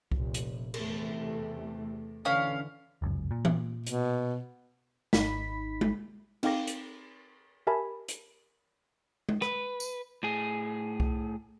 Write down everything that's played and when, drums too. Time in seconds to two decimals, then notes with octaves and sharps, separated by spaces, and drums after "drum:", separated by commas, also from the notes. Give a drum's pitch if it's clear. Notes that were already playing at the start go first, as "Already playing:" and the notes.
0.12 F1 A#2, drum: kick C2
0.34 drum: hi-hat
0.74 E2 C3 A3, drum: cymbal
2.25 D3 E3 C#4 F5
3.02 F1 C#2 F#2
3.31 A#2
3.45 drum: tom E3
3.87 B2, drum: hi-hat
5.13 G#1 D#4 B5 B6, drum: snare
5.81 drum: tom G#3
6.43 C4 D#4 F5 G5 D6 A#6, drum: cymbal
6.67 drum: hi-hat
7.67 G4 A#4 E5 G#5 A5 B5
8.08 drum: hi-hat
9.29 drum: tom G#3
9.42 B4, drum: rim click
9.80 drum: tambourine
10.23 A2 G#4
11.00 drum: kick C2